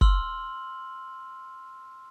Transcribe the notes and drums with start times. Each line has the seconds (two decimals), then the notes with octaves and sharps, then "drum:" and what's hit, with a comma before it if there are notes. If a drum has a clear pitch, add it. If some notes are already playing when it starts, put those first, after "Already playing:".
0.01 C6 E6 F6 F#7, drum: kick